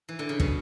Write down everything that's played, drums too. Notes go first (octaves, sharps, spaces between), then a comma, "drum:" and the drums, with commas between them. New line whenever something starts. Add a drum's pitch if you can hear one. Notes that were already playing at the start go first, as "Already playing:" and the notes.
E3
D3
C#3
B2, drum: kick